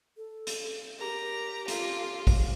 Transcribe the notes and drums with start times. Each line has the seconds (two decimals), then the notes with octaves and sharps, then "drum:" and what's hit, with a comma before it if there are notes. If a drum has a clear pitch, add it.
0.17 A4
0.47 drum: hi-hat
0.99 G4 A#4 A#5
1.68 F4 A4, drum: hi-hat
2.27 drum: kick A#1, open hi-hat